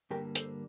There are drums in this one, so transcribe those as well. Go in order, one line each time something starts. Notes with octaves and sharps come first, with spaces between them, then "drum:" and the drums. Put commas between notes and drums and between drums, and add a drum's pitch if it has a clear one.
G2 D3 G3 A#3 G4 A#4
A4 C5, drum: hi-hat